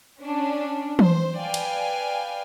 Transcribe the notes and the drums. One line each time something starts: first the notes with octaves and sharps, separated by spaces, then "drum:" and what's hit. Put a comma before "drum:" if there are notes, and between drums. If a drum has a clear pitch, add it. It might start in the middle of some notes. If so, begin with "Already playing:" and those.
C#4 D4
C5, drum: tom E3
B4 D5 F5 G5 G#5
drum: cymbal